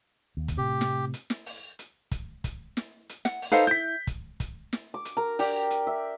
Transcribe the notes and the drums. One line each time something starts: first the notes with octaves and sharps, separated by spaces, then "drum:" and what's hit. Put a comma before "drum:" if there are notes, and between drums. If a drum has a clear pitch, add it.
D#2
drum: kick, hi-hat
A2 C3 G4
drum: snare
drum: hi-hat
drum: snare
drum: open hi-hat
drum: hi-hat
drum: kick, hi-hat
drum: kick, hi-hat
drum: snare
drum: hi-hat
F#5, drum: snare
drum: open hi-hat
D#4 A4 B4 C5 F5 F#5
E4 G6 B6
drum: kick, hi-hat
drum: kick, hi-hat
drum: snare
D6
drum: hi-hat
A#4 A#5
G4 D5 G5, drum: open hi-hat
drum: hi-hat
E5